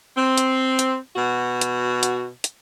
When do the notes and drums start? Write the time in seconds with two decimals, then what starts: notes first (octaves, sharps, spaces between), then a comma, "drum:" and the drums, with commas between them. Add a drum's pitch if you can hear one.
0.17 C4
0.38 drum: hi-hat
0.79 drum: hi-hat
1.16 B2 F#4
1.61 drum: hi-hat
2.03 drum: hi-hat
2.44 drum: hi-hat